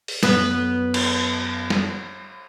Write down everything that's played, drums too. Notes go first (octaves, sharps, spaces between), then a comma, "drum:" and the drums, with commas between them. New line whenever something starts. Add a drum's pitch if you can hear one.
drum: open hi-hat
F#2 B3 B4, drum: snare
drum: cymbal
drum: snare